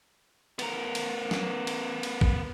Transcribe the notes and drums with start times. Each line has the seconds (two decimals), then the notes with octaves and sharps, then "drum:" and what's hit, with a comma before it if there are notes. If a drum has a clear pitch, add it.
0.59 B3 A#4, drum: cymbal
0.95 drum: cymbal
1.31 drum: snare
1.67 drum: cymbal
2.03 drum: cymbal
2.21 drum: kick A1